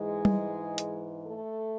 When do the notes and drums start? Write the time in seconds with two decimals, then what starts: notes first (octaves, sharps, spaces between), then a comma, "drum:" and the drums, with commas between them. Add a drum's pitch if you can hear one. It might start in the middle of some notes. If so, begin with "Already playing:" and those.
Already playing: G#2 E3 G#3 G#4
0.25 drum: tom G3
0.78 drum: hi-hat
1.25 A3 A4